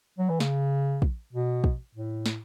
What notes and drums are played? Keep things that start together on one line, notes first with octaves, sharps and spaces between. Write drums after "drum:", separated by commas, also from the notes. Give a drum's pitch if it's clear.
F#3
E3
C#3, drum: snare
drum: kick
B2
drum: kick
A2
drum: snare